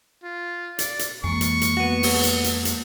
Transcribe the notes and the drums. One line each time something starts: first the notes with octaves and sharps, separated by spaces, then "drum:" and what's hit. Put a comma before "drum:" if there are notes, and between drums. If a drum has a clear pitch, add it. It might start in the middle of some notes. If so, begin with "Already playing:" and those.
F4
D5, drum: hi-hat
drum: hi-hat
F2 E3 G#3 A#3 C#6
drum: hi-hat
drum: hi-hat
B3 F#4
drum: open hi-hat
drum: hi-hat
drum: hi-hat
drum: hi-hat